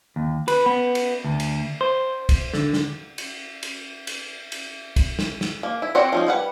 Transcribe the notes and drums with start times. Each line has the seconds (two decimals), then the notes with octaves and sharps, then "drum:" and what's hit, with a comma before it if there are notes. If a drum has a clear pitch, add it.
0.16 D#2
0.48 B4, drum: cymbal
0.66 B3
0.95 drum: cymbal
1.24 D2
1.40 drum: cymbal
1.81 C5
2.29 drum: kick, cymbal
2.54 D3, drum: snare
2.73 drum: snare
3.18 drum: cymbal
3.63 drum: cymbal
4.07 drum: cymbal
4.52 drum: cymbal
4.96 drum: kick, cymbal
5.19 drum: snare
5.41 drum: snare
5.63 A#3
5.82 E4
5.95 C4 F#4 C#5 D5 F#5
6.12 F3 C#4 D#4
6.27 G3 B4 F#5